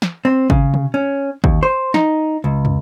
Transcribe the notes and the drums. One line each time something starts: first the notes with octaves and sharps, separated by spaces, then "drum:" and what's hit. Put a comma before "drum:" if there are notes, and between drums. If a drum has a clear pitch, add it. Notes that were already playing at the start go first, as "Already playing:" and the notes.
drum: snare
C4
C#3, drum: kick G#1
drum: tom
C#4
D#2, drum: kick G#1
C5
D#4, drum: snare
C#2
drum: tom